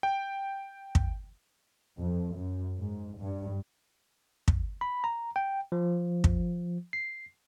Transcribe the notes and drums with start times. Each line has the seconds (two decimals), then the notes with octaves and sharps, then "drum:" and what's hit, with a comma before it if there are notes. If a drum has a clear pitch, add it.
0.03 G5
0.95 drum: kick
1.99 F2
2.35 F#2
2.79 G#2
3.19 G2
4.48 drum: kick
4.81 B5
5.04 A#5
5.36 G5
5.72 F3
6.24 drum: kick
6.93 C7